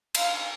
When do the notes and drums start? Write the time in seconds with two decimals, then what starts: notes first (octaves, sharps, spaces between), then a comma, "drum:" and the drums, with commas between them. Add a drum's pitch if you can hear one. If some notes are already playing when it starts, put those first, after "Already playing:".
0.15 F5, drum: cymbal